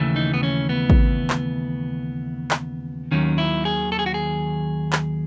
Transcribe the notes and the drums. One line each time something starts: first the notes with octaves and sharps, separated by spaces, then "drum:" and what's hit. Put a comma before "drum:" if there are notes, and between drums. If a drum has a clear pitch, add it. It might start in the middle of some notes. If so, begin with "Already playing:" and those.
Already playing: D#2 C#3 E3 A3
D#4
B3
C#4
B3
drum: kick
drum: clap
drum: clap
D#2 D#3 F#3 C#4
E4
G#4
A4
G#4
F#4
G#4
drum: clap